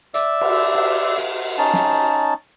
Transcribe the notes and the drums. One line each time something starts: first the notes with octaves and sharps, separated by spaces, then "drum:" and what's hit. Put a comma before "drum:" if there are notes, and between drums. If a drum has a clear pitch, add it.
D5 E5 E6, drum: hi-hat
drum: cymbal
drum: cymbal
drum: hi-hat
drum: cymbal
C#4 D#4 A5
drum: snare